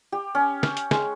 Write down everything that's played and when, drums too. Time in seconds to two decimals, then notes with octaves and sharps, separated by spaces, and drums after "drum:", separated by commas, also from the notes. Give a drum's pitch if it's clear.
0.12 G4
0.35 C#4
0.63 drum: snare
0.77 drum: hi-hat
0.91 G#3, drum: snare